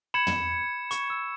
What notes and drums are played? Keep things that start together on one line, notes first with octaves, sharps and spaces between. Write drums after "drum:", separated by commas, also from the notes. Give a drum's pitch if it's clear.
B5 G#6 C#7 E7
drum: tom
C#6, drum: hi-hat
E6